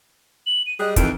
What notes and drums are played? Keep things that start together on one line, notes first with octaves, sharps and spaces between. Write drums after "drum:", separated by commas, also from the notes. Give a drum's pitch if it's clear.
F#7
D#7
G3 G#4 D#5 F#6
F2 D#3 E3 D7, drum: kick, hi-hat